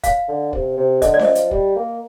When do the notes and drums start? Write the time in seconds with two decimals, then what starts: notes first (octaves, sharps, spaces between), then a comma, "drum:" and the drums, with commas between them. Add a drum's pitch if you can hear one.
0.04 F5, drum: kick, hi-hat
0.29 D3
0.53 C3, drum: kick
0.77 C3
1.02 D3 D#5, drum: kick, hi-hat
1.14 D5
1.19 F3, drum: snare C#4
1.25 D#5
1.35 F3, drum: hi-hat
1.51 G3, drum: kick
1.76 A#3